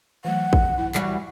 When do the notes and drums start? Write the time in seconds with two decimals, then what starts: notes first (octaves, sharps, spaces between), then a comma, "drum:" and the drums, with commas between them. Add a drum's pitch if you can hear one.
0.24 E3 F#3 A3 F#5
0.53 drum: kick
0.78 E4
0.95 E3 G3 F#4, drum: clap